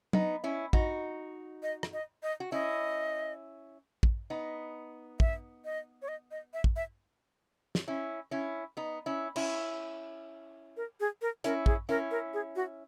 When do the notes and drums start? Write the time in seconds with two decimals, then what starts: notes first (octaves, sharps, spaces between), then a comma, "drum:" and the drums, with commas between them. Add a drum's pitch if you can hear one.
0.13 B3 D#4, drum: tom
0.44 C#4 E4
0.73 D#4 F#4, drum: kick
1.63 D#5
1.83 drum: rim click
1.93 D#5
2.23 D#5
2.40 F#4
2.52 C#4 E4 D#5
4.03 drum: kick
4.30 B3 D#4
5.20 E5, drum: kick
5.65 D#5
6.02 C#5
6.08 D#5
6.31 D#5
6.54 E5
6.64 drum: kick
6.76 E5
7.75 drum: snare
7.88 C#4 E4
8.31 C#4 E4
8.77 B3 D#4
9.06 C#4 E4
9.36 C#4 E4, drum: cymbal
10.77 A#4
11.00 G#4
11.22 A#4
11.44 C#4 E4 A#4, drum: hi-hat
11.66 G#4, drum: kick
11.89 C#4 E4 A#4
12.11 A#4
12.34 G#4
12.56 F#4